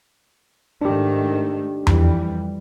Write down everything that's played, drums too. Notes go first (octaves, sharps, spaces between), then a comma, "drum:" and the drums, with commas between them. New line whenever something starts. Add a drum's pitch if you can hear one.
G#2 D#3 A3 D4 G4
F2 E3 G3, drum: tom E2